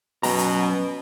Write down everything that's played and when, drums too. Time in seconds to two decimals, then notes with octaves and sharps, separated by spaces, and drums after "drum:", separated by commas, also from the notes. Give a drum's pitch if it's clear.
0.23 F#2 B2 A#5, drum: open hi-hat
0.39 drum: hi-hat